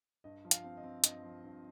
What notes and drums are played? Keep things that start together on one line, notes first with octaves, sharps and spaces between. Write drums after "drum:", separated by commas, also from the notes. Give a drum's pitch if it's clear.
G2 D#5
F3
F5, drum: hi-hat
C4
D#5
C4
G2 D#5, drum: hi-hat
F3
G2